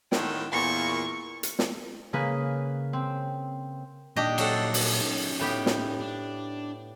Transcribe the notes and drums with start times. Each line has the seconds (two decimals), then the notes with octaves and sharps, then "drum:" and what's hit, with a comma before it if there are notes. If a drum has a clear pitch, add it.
0.12 A2 D3 D#3, drum: snare
0.52 E2 A#2 C#6
1.43 drum: hi-hat
1.59 drum: snare
2.13 C#3 A#3 G#4 B4
2.93 C4
4.16 A#2 D4 D#4 G4 D#5
4.38 F#3 A4 F#5, drum: cymbal
4.74 drum: open hi-hat
5.01 C#4 D#4
5.39 A2 B3 G4
5.66 drum: snare
5.99 D4